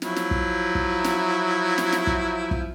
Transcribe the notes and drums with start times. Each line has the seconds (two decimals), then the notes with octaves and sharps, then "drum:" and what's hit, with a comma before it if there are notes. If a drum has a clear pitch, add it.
0.02 F3 F#3 E4, drum: snare
0.16 drum: snare
0.31 drum: kick
0.75 drum: kick
1.04 drum: snare
1.78 drum: snare
1.92 drum: snare
2.07 drum: kick
2.51 drum: kick